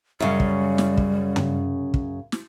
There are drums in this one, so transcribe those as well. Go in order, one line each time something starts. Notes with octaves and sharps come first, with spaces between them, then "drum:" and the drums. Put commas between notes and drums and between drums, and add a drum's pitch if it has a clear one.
F#2 C#3 G3
drum: kick
drum: snare
drum: kick
drum: tom
drum: kick
drum: snare